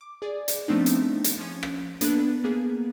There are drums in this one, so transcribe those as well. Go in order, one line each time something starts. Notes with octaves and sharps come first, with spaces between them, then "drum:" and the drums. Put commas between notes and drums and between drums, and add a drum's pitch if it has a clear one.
D6
G#4 D5
drum: hi-hat
F3 A3 B3 C4 D4 D#4
drum: hi-hat
drum: hi-hat
F3 C#4
drum: rim click
A#3 B3 D4 A4 B4, drum: hi-hat
A#3 B3 G#4